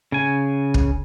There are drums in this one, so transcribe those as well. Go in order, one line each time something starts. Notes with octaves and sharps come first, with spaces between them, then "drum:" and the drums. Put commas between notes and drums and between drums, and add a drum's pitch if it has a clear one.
C#3 G#5
drum: kick